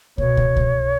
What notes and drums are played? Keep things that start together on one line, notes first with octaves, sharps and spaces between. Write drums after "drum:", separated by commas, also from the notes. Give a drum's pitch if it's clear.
B2 C#5, drum: kick
drum: kick
drum: kick